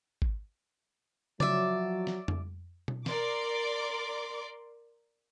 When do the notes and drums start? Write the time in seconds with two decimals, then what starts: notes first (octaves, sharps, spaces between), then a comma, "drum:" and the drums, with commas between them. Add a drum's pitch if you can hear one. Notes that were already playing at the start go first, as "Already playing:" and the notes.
0.22 drum: kick G#1
1.40 F3 F#3 D5 E5, drum: tom C#3
2.07 drum: snare
2.28 drum: tom F2
2.88 drum: tom B2
3.06 A#4 D5 C6 D6, drum: snare